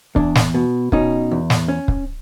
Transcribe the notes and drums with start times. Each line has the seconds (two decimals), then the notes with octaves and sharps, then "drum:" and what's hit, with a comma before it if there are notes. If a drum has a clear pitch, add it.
0.16 E2 D4, drum: kick
0.35 drum: snare
0.54 B2
0.92 B2 C#4 D#4, drum: kick
1.31 E2
1.50 drum: snare
1.68 C#4
1.88 drum: kick